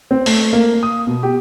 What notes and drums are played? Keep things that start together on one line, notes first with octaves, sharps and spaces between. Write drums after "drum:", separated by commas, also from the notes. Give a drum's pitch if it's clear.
C4
A3, drum: open hi-hat
A#3
D#6
B2
G4